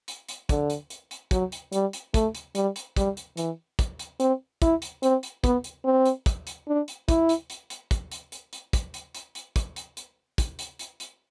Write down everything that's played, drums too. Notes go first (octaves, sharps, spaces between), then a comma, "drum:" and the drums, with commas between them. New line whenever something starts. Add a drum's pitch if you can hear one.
drum: hi-hat
drum: hi-hat
D3, drum: kick, hi-hat
drum: hi-hat
drum: hi-hat
drum: hi-hat
F#3, drum: kick, hi-hat
drum: hi-hat
G3, drum: hi-hat
drum: hi-hat
A3, drum: kick, hi-hat
drum: hi-hat
G3, drum: hi-hat
drum: hi-hat
G3, drum: kick, hi-hat
drum: hi-hat
E3, drum: hi-hat
drum: kick, hi-hat
drum: hi-hat
C4, drum: hi-hat
E4, drum: kick, hi-hat
drum: hi-hat
C4, drum: hi-hat
drum: hi-hat
B3, drum: kick, hi-hat
drum: hi-hat
C4
drum: hi-hat
drum: kick, hi-hat
drum: hi-hat
D4
drum: hi-hat
E4, drum: kick, hi-hat
drum: hi-hat
drum: hi-hat
drum: hi-hat
drum: kick, hi-hat
drum: hi-hat
drum: hi-hat
drum: hi-hat
drum: kick, hi-hat
drum: hi-hat
drum: hi-hat
drum: hi-hat
drum: kick, hi-hat
drum: hi-hat
drum: hi-hat
drum: kick, hi-hat
drum: hi-hat
drum: hi-hat
drum: hi-hat